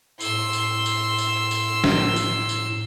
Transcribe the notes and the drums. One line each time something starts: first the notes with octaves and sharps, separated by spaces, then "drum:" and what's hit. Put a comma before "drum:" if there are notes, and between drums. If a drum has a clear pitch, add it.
A2 C6 E6, drum: tambourine
drum: tambourine
drum: tambourine
drum: tambourine
drum: tambourine
drum: snare
drum: tambourine
drum: tambourine